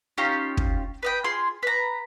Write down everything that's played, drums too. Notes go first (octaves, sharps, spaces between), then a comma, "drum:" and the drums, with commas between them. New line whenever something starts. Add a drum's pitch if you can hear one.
C#4 D#4 F4 G4
drum: kick
B4 D#5 G5
F4 G#4 C6
B4 A#5